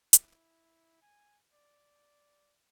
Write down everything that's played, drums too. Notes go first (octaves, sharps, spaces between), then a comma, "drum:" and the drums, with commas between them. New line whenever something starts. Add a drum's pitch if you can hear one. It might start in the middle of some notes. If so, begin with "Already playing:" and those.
E4, drum: hi-hat
G#5
D5